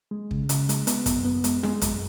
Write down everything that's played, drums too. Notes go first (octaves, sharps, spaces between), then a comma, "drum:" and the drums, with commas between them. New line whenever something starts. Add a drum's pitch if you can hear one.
G#3
C#3, drum: kick
C#3, drum: hi-hat
G#3, drum: hi-hat
B3, drum: hi-hat
F#2, drum: kick, hi-hat
B3
G#3, drum: hi-hat
G#3, drum: snare
F#2, drum: kick, hi-hat